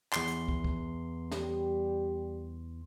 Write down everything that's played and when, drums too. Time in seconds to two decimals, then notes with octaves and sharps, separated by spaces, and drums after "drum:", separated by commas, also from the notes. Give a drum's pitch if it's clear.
0.12 E2 C6, drum: clap
0.27 drum: hi-hat
0.48 drum: kick
0.64 drum: kick
1.31 G3 G4, drum: snare